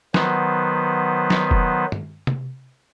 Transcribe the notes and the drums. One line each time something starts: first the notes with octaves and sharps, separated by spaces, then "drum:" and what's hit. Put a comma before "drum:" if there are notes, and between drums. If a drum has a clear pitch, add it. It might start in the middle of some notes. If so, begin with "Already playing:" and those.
D#3 F#3 B3 B4 C5, drum: snare
drum: snare
drum: kick
drum: tom
drum: tom C3